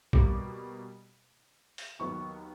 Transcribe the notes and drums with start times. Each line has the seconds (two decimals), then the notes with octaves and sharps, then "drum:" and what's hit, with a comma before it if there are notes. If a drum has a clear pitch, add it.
0.13 B2 G3 A#3 D6, drum: kick B1
1.78 drum: open hi-hat
1.99 D#2 D#3 F#3 B3 C#6